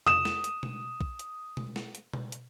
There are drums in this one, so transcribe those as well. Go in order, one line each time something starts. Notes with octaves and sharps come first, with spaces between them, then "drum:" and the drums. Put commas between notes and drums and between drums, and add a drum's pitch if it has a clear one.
D#6 E7, drum: tom
drum: snare
drum: hi-hat
drum: tom B2
drum: kick
drum: hi-hat
drum: tom B2
drum: snare
drum: hi-hat
drum: tom B2
drum: hi-hat